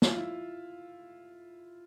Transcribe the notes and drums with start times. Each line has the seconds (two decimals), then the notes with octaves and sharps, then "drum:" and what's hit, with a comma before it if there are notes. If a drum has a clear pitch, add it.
0.02 E4, drum: snare
0.10 F4
0.17 E4